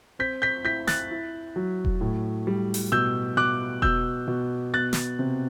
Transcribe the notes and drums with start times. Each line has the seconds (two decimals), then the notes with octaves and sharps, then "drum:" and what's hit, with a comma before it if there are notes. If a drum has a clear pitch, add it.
0.19 C4 G6 B6
0.42 G6 B6
0.64 E4 G6 B6
0.87 F#6 A6, drum: snare
1.11 E4
1.56 F#3
1.85 drum: kick E1
2.01 A2
2.47 G3
2.74 drum: open hi-hat
2.92 B2 E6 G6
3.37 B2 D6 F#6
3.82 B2 E6 G6, drum: kick E1
4.28 B2
4.74 B3 F#6 A6
4.93 drum: snare
5.19 C3